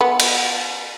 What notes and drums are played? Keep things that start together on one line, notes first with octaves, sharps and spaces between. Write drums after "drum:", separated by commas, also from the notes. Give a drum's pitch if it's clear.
B3
drum: cymbal